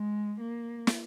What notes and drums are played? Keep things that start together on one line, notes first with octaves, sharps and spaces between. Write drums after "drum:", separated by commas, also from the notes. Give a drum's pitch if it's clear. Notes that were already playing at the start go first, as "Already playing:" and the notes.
Already playing: G#3
A#3
drum: snare